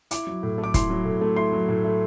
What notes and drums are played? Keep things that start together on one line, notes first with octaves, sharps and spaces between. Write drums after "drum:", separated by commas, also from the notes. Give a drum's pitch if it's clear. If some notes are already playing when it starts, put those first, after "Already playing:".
E4 D6, drum: hi-hat
F#3
A2
A3
D6
E4 C6, drum: kick, hi-hat
F#3
A2
A3
E4 C6
F#3
A2
A3